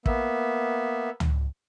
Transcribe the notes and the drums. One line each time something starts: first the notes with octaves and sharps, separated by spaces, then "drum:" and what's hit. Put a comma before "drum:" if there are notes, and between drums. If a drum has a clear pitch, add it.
A#3 B3 E5, drum: kick
drum: tom C#2